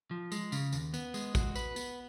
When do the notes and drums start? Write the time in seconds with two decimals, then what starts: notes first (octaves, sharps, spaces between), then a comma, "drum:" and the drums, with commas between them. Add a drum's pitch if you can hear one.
0.11 F3
0.32 G#3, drum: tambourine
0.52 C#3, drum: tambourine
0.72 D#2, drum: tambourine
0.94 B3, drum: tambourine
1.14 G#3, drum: tambourine
1.35 F#4, drum: kick A1, tambourine
1.56 B4, drum: tambourine
1.76 B3, drum: tambourine